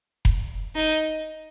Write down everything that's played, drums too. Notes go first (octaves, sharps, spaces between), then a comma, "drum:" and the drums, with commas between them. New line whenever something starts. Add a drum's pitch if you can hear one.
drum: kick F1
D#4